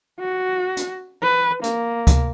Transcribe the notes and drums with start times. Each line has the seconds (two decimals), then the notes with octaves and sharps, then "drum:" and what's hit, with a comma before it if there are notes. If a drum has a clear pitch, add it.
0.20 F#4
0.77 drum: hi-hat
1.23 B4
1.64 A#3, drum: hi-hat
2.07 drum: kick C#2, hi-hat